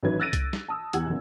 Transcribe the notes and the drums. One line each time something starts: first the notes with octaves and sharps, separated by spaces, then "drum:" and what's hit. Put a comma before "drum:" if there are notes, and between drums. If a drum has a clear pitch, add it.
A1 D#3 F#3 B4 G#6
E6 F#6 A6 A#6 D7 D#7
drum: kick C2, hi-hat
drum: snare
A5 D#6 E6
E2 G4 F#5 E6 G#6, drum: hi-hat
F#1 B2